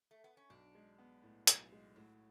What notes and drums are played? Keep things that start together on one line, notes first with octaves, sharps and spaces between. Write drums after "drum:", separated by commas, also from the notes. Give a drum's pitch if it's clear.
A3
B3
C#4
B1 D4
G#3
B3
A2
B1, drum: hi-hat
G#3
A2 F#3